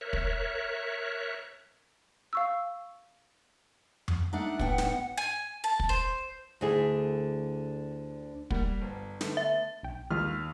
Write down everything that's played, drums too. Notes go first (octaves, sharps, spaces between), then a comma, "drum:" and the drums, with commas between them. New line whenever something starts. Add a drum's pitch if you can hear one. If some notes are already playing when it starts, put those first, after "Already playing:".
A#4 C#5 E5 F#6
drum: kick
F5 C#6 E6
drum: tom F2
A3 D4 D#4 F#5
A2 B3 G5, drum: kick
drum: snare
G#5
A5
drum: kick
C5
D2 D3 E4 G#4
G3 A#3 F#5, drum: kick
G1
D3 A3 B3, drum: snare
E5
B1 G5
D#2 E3 G#3 F4 F6